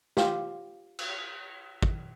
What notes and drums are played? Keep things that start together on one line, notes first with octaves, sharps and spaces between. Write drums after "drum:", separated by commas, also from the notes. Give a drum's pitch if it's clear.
F4 G4, drum: snare
drum: cymbal
drum: kick